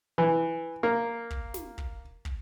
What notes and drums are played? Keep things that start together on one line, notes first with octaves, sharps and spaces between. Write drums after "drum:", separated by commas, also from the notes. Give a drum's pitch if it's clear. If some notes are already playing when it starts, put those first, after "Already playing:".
E3
A#3
drum: kick
drum: snare
drum: kick
drum: kick